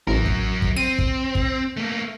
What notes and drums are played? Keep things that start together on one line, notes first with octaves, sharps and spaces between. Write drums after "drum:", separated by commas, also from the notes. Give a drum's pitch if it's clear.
A1 F#3 A#4
drum: kick
drum: kick
C4 D#7
drum: kick
drum: kick
A3 A#3